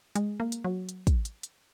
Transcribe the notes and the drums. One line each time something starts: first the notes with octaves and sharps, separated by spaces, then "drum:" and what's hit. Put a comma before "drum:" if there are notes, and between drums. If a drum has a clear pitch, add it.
G#3, drum: hi-hat
A#3
drum: hi-hat
F#3
drum: hi-hat
drum: kick, hi-hat
drum: hi-hat
drum: hi-hat